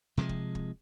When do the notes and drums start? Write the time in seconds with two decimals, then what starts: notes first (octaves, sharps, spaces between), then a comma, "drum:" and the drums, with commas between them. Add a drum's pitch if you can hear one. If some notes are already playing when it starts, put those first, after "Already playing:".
0.17 C3 F3 F#3 G#3
0.29 drum: kick
0.55 drum: kick